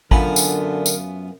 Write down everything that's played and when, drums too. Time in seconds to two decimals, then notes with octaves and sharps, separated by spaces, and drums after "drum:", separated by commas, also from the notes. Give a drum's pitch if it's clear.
0.11 F#2 D3 B3 F4 A#4 E5 A#5 B5, drum: kick
0.36 drum: tambourine
0.86 drum: tambourine